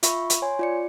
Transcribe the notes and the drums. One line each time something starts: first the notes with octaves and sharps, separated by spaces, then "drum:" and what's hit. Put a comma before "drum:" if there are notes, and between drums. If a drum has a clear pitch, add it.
F4 E5 B5 C#6, drum: hi-hat
drum: hi-hat
C#5 G#5 C6
F4 D5 C#7